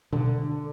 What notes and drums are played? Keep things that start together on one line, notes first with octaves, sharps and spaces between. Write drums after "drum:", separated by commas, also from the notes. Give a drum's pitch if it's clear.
D3, drum: tom B2